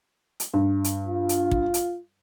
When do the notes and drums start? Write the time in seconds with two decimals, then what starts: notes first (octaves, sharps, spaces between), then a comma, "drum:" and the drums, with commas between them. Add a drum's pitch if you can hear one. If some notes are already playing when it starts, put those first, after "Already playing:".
0.40 drum: hi-hat
0.53 G2
0.84 drum: hi-hat
1.07 F4
1.29 drum: hi-hat
1.51 drum: kick
1.74 drum: hi-hat